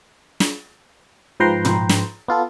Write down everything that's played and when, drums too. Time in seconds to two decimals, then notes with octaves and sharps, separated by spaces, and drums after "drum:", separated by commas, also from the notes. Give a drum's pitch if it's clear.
0.40 drum: snare
1.40 G#2 F3 B4 G5 A#5 C6
1.65 drum: tom
1.89 drum: snare
2.28 B3 F4 A4